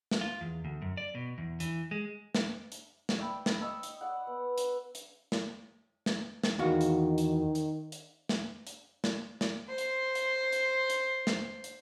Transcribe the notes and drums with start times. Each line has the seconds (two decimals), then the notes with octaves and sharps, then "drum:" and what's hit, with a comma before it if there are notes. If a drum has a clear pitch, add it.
0.11 drum: snare
0.21 F4
0.41 E2
0.65 D2
0.82 F#2
0.97 D5
1.15 B2
1.38 E2
1.60 E3, drum: hi-hat
1.91 G#3
2.35 drum: snare
2.72 drum: hi-hat
3.09 drum: snare
3.18 D5 E5 G5 B5
3.46 drum: snare
3.61 D#5 C#6 E6
3.83 drum: hi-hat
4.01 D5 F#5
4.27 B3
4.58 drum: hi-hat
4.95 drum: hi-hat
5.32 drum: snare
6.06 drum: snare
6.43 drum: snare
6.59 E2 D#3 F#4 F5
6.81 drum: hi-hat
7.18 drum: hi-hat
7.55 drum: hi-hat
7.92 drum: hi-hat
8.29 drum: snare
8.67 drum: hi-hat
9.04 drum: snare
9.41 drum: snare
9.68 C5 C6
9.78 drum: hi-hat
10.15 drum: hi-hat
10.52 drum: hi-hat
10.90 drum: hi-hat
11.27 drum: snare
11.64 drum: hi-hat